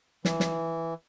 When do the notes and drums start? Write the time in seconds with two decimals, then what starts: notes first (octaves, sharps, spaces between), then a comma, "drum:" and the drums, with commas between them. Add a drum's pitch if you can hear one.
0.25 E3, drum: snare
0.40 drum: snare